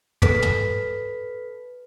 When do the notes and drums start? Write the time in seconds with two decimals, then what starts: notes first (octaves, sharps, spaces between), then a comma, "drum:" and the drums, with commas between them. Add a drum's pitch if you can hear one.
0.22 A4 B4 B6, drum: tom
0.42 drum: tom